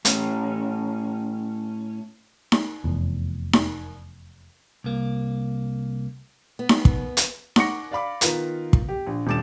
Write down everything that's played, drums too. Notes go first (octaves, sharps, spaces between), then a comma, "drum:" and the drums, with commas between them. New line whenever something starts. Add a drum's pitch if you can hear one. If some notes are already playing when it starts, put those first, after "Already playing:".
A2 C#4, drum: hi-hat
drum: snare D#4
F1 E2
drum: snare D#4
C2 A#3
B3
drum: snare D#4
drum: kick
drum: hi-hat
F#5 C#6 D6 A#6 C#7, drum: snare D#4
D5 F5 B5 D6
D#3 B3 F4 A#4 B4, drum: hi-hat
drum: kick
G4
A#1
D#1 G3 D6 A6 E7